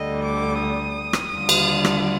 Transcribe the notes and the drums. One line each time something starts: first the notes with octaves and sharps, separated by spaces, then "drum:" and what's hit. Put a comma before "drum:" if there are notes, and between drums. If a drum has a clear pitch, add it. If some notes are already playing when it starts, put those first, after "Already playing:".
Already playing: D2 D3 G3 D#5
D6
D#6
drum: rim click
D#2 D3 G3 D4 F4
drum: cymbal
drum: rim click